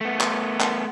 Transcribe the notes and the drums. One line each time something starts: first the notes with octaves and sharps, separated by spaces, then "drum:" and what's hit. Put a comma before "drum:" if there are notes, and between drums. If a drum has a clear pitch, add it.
A3 B3
drum: clap
drum: clap